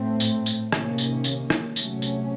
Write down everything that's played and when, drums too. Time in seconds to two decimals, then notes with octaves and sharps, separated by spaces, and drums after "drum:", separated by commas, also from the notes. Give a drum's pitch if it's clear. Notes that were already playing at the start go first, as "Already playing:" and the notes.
Already playing: A2 A3 C4
0.20 drum: tambourine
0.46 drum: tambourine
0.72 C3 D#3 A#3 C#4, drum: rim click
0.98 drum: tambourine
1.24 drum: tambourine
1.50 drum: rim click
1.76 C3 F#3 A3 C#4, drum: tambourine
2.02 drum: tambourine